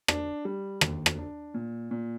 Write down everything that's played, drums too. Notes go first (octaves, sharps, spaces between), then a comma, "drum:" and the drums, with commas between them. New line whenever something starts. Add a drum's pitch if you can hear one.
D4, drum: rim click
G3
D#2, drum: rim click
drum: rim click
D4
A#2
A#2